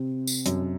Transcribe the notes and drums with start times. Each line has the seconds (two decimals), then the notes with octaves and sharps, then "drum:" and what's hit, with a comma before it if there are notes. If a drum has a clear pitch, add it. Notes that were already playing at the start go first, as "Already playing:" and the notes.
Already playing: C3 C4
0.27 drum: tambourine
0.46 F#2, drum: hi-hat